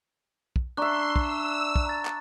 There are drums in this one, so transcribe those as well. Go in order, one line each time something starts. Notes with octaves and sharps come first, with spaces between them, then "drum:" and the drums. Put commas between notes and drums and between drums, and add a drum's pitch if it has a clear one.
drum: kick
D4 E5 A#5 C6 C#6 F#6
E6, drum: kick
drum: kick
A#5 A6
drum: clap